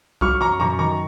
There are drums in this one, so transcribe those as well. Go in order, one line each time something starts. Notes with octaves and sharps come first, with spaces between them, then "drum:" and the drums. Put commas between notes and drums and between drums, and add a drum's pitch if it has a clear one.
F#3 C#6 F6, drum: kick C2
F#2 A#5 C#6
F#2 A#5 C#6, drum: tom A#2
D#3 A#5 C#6